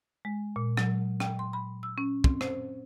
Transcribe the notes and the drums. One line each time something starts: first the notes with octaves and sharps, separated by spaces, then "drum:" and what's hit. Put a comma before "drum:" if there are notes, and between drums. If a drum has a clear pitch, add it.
G#3
A#2
F#3, drum: rim click
G5, drum: rim click
C6
B5
E6
C#4
C4, drum: kick
C5, drum: rim click